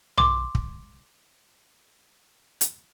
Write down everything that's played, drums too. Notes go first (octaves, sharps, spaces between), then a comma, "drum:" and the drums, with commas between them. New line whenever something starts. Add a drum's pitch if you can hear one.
C6 D6, drum: tom B1
drum: kick
drum: hi-hat